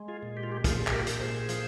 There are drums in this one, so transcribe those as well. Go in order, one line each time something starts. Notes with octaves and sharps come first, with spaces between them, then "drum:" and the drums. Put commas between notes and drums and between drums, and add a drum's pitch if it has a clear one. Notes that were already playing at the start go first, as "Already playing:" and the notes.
Already playing: G#3
F4 G#4
A#2
G4
F4
G4
A#2 F4 G#4, drum: kick, hi-hat
G#4, drum: clap
G4 A#4
A#2, drum: hi-hat
G#4 C5
F3, drum: hi-hat